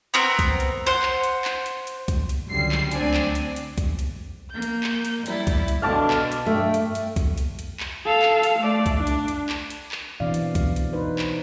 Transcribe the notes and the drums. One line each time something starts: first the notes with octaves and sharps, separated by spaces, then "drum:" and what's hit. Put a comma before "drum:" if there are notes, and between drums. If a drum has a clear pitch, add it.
B3 C4 A#4
drum: kick B1, hi-hat
drum: hi-hat
C5 F#5
drum: clap
drum: hi-hat
drum: clap
drum: hi-hat
drum: hi-hat
drum: kick B1, hi-hat
drum: hi-hat
C#2 D3 F#3 G3 C7
drum: clap
D2 C4 D4 D5 G#5, drum: hi-hat
drum: clap
drum: hi-hat
drum: hi-hat
drum: kick B1, hi-hat
drum: hi-hat
A#3 G6
drum: hi-hat
drum: clap
drum: hi-hat
G3 E4 A6, drum: hi-hat
drum: kick B1, hi-hat
drum: hi-hat
B2 D3 D4 F5 A5 D6
drum: clap
drum: hi-hat
G2 A3 G5
drum: hi-hat
drum: hi-hat
drum: kick B1, hi-hat
drum: hi-hat
drum: hi-hat
drum: clap
A4 F5
drum: clap
drum: hi-hat
A3 D5
drum: kick B1, hi-hat
D4
drum: hi-hat
drum: hi-hat
drum: clap
drum: hi-hat
drum: clap
B2 E3 C4 D4 D5 F5
drum: hi-hat
drum: kick B1, hi-hat
drum: hi-hat
D#4 B4 C5
drum: clap